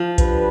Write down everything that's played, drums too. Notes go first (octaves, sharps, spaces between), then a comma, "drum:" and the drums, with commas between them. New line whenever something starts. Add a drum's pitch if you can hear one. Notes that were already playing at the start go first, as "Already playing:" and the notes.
Already playing: F3
D4 G4 B4, drum: kick B1, hi-hat